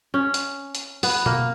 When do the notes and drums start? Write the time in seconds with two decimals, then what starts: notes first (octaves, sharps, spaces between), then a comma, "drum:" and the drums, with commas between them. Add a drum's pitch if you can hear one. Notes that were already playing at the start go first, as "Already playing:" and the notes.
0.14 C#4
0.34 drum: hi-hat
0.75 drum: hi-hat
1.03 B3, drum: open hi-hat
1.26 A#3, drum: tom B2